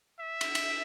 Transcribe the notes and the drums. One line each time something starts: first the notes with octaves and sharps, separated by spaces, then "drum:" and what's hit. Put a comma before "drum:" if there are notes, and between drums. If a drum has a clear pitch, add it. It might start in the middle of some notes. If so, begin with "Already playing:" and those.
E5
drum: cymbal
drum: cymbal